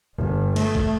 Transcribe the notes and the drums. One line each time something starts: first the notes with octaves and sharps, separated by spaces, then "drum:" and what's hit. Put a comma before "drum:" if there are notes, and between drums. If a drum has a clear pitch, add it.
G1
A3, drum: cymbal
drum: kick G#1